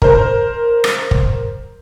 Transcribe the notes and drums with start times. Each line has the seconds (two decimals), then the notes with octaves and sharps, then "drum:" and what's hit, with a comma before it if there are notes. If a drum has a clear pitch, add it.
0.02 A#4 C5, drum: kick
0.84 drum: rim click
1.11 drum: kick